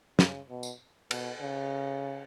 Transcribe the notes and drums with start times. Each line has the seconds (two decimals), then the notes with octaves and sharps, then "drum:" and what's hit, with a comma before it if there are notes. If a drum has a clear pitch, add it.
0.19 C#3, drum: snare
0.50 B2
0.63 drum: tambourine
1.11 B2, drum: cymbal
1.41 C#3